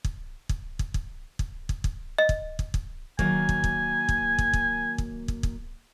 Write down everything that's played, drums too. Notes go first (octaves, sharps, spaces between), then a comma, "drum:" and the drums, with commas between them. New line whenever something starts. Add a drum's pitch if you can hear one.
drum: kick
drum: kick
drum: kick
drum: kick
drum: kick
drum: kick
drum: kick
D#5
drum: kick
drum: kick
drum: kick
D#3 F#3 A#3 G#5, drum: kick
drum: kick
drum: kick
drum: kick
drum: kick
drum: kick
drum: kick
drum: kick
drum: kick